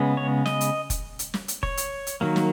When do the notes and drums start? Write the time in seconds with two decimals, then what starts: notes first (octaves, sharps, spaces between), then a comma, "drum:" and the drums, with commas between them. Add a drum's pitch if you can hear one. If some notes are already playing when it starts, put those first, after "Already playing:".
Already playing: C#3 G#3 B3
0.17 C#5
0.46 D#5, drum: snare
0.61 drum: hi-hat
0.90 drum: kick F1, hi-hat
1.19 drum: hi-hat
1.34 drum: snare
1.48 drum: hi-hat
1.63 C#5, drum: kick F1
1.77 drum: hi-hat
2.07 drum: hi-hat
2.21 D#3 F#3 A#3
2.36 drum: snare